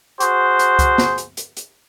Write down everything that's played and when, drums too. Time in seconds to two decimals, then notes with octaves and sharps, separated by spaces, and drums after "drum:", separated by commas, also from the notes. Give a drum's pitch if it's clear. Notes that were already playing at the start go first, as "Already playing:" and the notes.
0.20 F#4 G#4 C5, drum: hi-hat
0.59 drum: hi-hat
0.79 drum: kick C2, hi-hat
0.98 drum: snare
1.18 drum: hi-hat
1.37 drum: hi-hat
1.57 drum: hi-hat